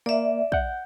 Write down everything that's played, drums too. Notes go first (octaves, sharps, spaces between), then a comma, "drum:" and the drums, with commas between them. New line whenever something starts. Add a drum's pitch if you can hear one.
A#3 D5 E5
F#5 G6, drum: kick